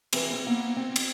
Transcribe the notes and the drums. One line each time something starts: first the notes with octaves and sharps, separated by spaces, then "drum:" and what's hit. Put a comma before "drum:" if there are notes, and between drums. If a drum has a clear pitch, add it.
E3 C4 G#4 A#4 B4, drum: cymbal
C4
A#3 B3
C4
drum: cymbal